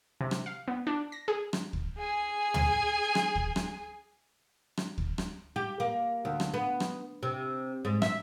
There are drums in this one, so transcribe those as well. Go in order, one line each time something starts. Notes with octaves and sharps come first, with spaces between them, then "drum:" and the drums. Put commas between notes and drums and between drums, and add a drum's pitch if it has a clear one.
C3
drum: rim click
F5
B3
D4
A#6
G#4
drum: rim click
drum: kick D2
G#4 G#5
drum: tom
drum: rim click
drum: kick D2
drum: rim click
drum: rim click
drum: kick D2
drum: rim click
G4
A#3
D2
drum: rim click
B3
drum: rim click
C3
G#2
E5, drum: rim click